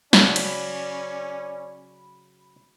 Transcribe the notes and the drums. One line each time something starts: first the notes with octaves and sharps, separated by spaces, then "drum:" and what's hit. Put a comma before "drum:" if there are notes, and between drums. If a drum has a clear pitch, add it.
C#3 F#3 C#4 D5 B5, drum: snare
drum: cymbal